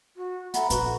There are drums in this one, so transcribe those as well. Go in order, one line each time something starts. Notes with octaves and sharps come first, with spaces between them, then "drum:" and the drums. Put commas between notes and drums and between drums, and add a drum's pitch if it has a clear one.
F#4
A4 E5 F#5 A#5 B5, drum: hi-hat
A#1 F#4 B4, drum: hi-hat